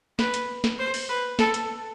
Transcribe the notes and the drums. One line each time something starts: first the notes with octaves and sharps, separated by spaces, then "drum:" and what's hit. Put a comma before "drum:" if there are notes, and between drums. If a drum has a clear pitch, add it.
B4, drum: snare
drum: hi-hat
drum: snare
C5
drum: open hi-hat
B4
A4, drum: snare
drum: hi-hat